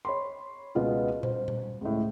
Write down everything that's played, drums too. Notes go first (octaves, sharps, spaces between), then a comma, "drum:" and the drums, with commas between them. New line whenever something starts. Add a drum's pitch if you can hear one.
C#5 B5 C6
C#2 B2 B3 F4
C5, drum: tom A#2
drum: tom A#2
C#2 A2